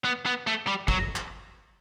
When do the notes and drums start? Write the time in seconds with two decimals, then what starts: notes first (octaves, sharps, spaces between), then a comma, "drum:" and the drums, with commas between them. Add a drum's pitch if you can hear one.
0.05 B3
0.26 B3
0.47 A3
0.67 G3
0.88 F#3, drum: kick
1.16 drum: clap